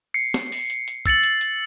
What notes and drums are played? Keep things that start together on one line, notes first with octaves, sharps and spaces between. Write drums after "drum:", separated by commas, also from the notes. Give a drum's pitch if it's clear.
C7 C#7
drum: snare
drum: open hi-hat
drum: hi-hat
drum: hi-hat
E6 A6 C#7 F#7, drum: kick, hi-hat
drum: hi-hat
drum: hi-hat